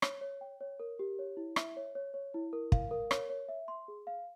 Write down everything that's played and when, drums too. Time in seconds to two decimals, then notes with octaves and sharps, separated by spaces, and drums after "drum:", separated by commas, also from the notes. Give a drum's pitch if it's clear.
0.02 C#5, drum: rim click
0.21 C#5
0.41 G5
0.61 C#5
0.80 A#4
0.99 G4
1.19 C#5
1.37 E4
1.56 E5, drum: rim click
1.76 C#5
1.95 C#5
2.14 C#5
2.34 E4
2.53 A#4
2.72 F5, drum: kick
2.91 A#4
3.11 C#5, drum: rim click
3.29 C#5
3.48 E5
3.68 C6
3.88 G#4
4.07 F5